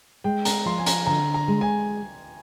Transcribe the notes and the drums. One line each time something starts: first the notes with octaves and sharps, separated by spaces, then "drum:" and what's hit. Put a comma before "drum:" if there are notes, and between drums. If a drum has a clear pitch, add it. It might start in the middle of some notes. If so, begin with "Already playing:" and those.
G#3 G5
A#5, drum: hi-hat
F3 C6
G#5
A#5, drum: hi-hat
D3 A#5
A#5
G#3
G#5